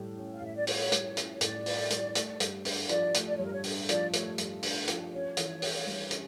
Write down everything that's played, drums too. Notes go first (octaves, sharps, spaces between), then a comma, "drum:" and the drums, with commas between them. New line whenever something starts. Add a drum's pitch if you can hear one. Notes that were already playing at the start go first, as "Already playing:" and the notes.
Already playing: A2 G3
C#4
F5
A2 E5
D5
F4 C#5, drum: open hi-hat
G3, drum: hi-hat
C#4, drum: hi-hat
C#5
A2 D5, drum: hi-hat
F4, drum: open hi-hat
G3, drum: hi-hat
A3, drum: hi-hat
G2, drum: hi-hat
D4, drum: open hi-hat
F3 D5, drum: hi-hat
A3, drum: hi-hat
D5
G2 C#5
A#4
C#5
D4, drum: open hi-hat
F3 D5, drum: hi-hat
A3 C#5, drum: hi-hat
G2, drum: hi-hat
D4, drum: open hi-hat
F3, drum: hi-hat
C#4 C#5
E3, drum: hi-hat
G4, drum: open hi-hat
G3
C#4, drum: hi-hat